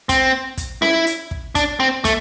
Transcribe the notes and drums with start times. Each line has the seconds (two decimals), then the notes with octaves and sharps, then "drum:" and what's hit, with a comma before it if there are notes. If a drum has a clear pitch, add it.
0.09 C4, drum: kick, hi-hat
0.58 drum: kick, hi-hat
0.82 E4, drum: snare C#4
1.07 drum: hi-hat
1.31 drum: kick
1.55 D4, drum: kick, hi-hat
1.80 C4
2.05 A3, drum: kick, hi-hat